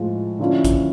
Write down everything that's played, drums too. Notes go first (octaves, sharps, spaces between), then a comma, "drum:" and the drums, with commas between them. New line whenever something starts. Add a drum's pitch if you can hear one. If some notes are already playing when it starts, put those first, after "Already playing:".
Already playing: A2 F3 G#3
D3 F3 A#3 C#4 E4
drum: kick A1, hi-hat